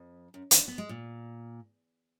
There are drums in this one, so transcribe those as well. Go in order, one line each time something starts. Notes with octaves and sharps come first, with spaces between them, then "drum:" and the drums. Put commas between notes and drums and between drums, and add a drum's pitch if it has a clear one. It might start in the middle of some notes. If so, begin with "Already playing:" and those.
Already playing: F2
F#2
D#3, drum: hi-hat
D4
B3
G#3
A#2